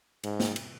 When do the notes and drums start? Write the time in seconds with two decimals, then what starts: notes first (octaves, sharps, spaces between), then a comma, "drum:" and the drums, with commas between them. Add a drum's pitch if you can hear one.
0.24 G#2, drum: cymbal
0.40 drum: snare
0.56 drum: cymbal